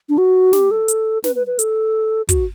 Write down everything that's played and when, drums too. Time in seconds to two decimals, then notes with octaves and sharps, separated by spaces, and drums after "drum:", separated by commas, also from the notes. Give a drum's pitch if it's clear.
0.09 D4
0.18 F#4
0.53 G4, drum: snare
0.71 A4
0.88 drum: hi-hat
1.24 B4, drum: snare
1.36 B4
1.47 B4
1.59 A4, drum: hi-hat
2.29 F#4, drum: kick, hi-hat